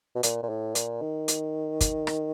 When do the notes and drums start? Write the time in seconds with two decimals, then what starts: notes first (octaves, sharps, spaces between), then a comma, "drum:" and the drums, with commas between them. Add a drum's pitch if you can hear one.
0.16 B2
0.23 A#2, drum: hi-hat
0.43 A#2
0.49 A2
0.75 A#2, drum: hi-hat
1.02 D#3
1.28 drum: hi-hat
1.81 drum: kick, hi-hat
2.07 drum: rim click